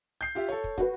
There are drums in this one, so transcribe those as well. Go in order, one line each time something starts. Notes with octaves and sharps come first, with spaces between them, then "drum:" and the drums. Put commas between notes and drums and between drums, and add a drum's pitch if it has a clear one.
G6 C7
F4 G4 E5
A4 C#5, drum: hi-hat
drum: kick
F#4 B4, drum: kick, hi-hat